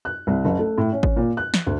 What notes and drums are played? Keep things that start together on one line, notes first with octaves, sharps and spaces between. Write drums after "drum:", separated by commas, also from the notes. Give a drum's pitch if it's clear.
F#6
C2
F#1
A3
A2
C#4
drum: kick G#1
A#2
F#6
drum: snare
D2